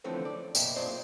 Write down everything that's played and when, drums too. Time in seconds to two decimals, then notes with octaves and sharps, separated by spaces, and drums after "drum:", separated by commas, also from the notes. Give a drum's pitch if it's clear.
0.04 D3 E3 F3 A3 C4 C#4
0.25 D5
0.55 F#2 B2 A#3 E5 G5, drum: tambourine
0.75 B1 A#2 G#4 C5 D5 C6